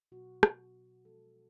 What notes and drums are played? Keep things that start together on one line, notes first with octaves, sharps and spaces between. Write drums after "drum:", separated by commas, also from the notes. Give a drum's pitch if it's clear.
B2 F#3 B3 F#4
drum: rim click
F3 G#3 B3 A4